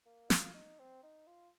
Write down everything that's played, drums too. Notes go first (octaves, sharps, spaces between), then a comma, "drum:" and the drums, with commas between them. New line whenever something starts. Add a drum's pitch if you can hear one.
A#3
F4, drum: snare
D#4
C4
D#4
F4